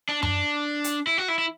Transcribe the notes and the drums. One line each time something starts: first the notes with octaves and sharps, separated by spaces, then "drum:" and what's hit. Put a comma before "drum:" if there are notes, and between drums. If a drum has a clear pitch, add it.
D4
D4, drum: tom F#2
drum: hi-hat
E4
F#4
E4
E4